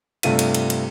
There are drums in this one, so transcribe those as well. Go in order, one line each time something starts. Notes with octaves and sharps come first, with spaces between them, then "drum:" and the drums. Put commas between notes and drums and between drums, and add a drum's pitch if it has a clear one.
G2 C3 A3 F4 D#7, drum: cymbal
drum: cymbal
drum: cymbal
drum: cymbal